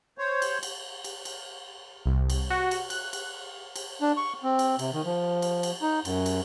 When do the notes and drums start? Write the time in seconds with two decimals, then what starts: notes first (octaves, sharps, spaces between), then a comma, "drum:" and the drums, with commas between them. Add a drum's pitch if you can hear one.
0.18 C5 C#5
0.42 drum: cymbal
0.63 drum: cymbal
1.04 drum: cymbal
1.25 drum: cymbal
2.06 C2
2.30 drum: cymbal
2.50 F#4
2.71 drum: cymbal
2.90 F#6, drum: cymbal
3.13 drum: cymbal
3.76 drum: cymbal
4.01 D4
4.17 C#6
4.43 C4
4.59 drum: cymbal
4.79 C3, drum: cymbal
4.93 D#3
5.05 F3
5.42 drum: cymbal
5.63 drum: cymbal
5.82 D#4
6.05 F#2, drum: cymbal
6.26 drum: cymbal